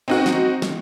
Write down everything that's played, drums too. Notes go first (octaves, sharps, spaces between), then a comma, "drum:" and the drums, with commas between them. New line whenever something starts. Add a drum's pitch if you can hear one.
C4 D#4 F#4
drum: snare
drum: snare